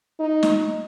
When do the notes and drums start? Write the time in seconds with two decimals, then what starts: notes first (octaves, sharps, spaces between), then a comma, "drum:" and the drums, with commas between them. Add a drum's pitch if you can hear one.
0.20 D#4
0.43 drum: snare